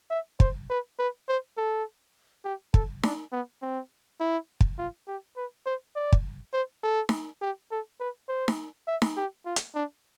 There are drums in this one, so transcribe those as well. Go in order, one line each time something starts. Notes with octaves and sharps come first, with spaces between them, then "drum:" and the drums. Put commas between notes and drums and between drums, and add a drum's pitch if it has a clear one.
E5
C5, drum: kick
B4
B4
C5
A4
G4
A4, drum: kick
D4, drum: snare D#4
B3
C4
E4
drum: kick
F4
G4
B4
C5
D5
drum: kick
C5
A4
drum: snare D#4
G4
A4
B4
C5
drum: snare D#4
E5
drum: snare D#4
G4
F4
drum: hi-hat
D4